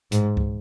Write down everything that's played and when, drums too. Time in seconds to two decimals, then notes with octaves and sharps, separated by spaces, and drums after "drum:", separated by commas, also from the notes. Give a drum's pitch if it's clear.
0.12 G#2, drum: hi-hat
0.37 drum: kick C#2